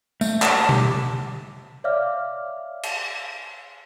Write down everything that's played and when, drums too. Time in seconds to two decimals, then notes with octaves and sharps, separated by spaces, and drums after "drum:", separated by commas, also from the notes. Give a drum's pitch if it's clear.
0.21 A3, drum: tambourine
0.42 A5, drum: clap
0.69 G4, drum: tom B2
1.84 C#5 D5 E5 F5 D6 F6
2.83 drum: cymbal